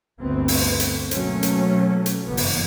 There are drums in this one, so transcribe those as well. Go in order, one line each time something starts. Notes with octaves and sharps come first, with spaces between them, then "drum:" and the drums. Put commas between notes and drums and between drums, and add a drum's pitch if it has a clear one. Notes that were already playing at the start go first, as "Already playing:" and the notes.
G1 D2 A3 B3 C4
drum: open hi-hat
drum: hi-hat
B2 F#3 A3 A#3 C#4, drum: hi-hat
drum: hi-hat
drum: hi-hat
F#1 G2 E3 A#3 B3
drum: open hi-hat